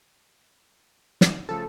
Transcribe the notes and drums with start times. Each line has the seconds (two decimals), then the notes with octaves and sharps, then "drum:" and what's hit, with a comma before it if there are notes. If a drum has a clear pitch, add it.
1.21 drum: snare
1.49 C#3 F3 A3 A4